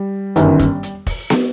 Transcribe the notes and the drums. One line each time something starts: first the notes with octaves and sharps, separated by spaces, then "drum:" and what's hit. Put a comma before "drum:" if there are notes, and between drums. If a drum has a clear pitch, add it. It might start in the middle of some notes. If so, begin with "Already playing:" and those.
Already playing: G3
G1 F#2 D#3, drum: hi-hat
drum: kick F1, hi-hat
drum: hi-hat
drum: kick F1, open hi-hat
drum: snare